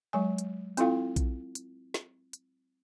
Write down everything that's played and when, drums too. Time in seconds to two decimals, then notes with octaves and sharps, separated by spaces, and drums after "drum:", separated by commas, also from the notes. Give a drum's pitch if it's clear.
0.13 F#3 G#3 G#5
0.38 drum: hi-hat
0.77 C4 E4 F4 A4 F5 G5, drum: hi-hat
1.16 drum: kick A#1, hi-hat
1.55 drum: hi-hat
1.94 drum: snare
2.33 drum: hi-hat